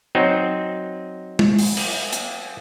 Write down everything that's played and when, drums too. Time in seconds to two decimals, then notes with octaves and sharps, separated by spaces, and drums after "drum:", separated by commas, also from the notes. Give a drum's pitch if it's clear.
0.15 F#3 C4 D#4
1.39 drum: tom G#3
1.59 drum: open hi-hat
1.77 drum: cymbal
2.13 drum: hi-hat